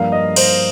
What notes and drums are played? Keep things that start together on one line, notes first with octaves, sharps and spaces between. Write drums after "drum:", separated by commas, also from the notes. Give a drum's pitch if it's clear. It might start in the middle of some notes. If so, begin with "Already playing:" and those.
Already playing: G2 F3 A#3 F5
D#5
C5, drum: cymbal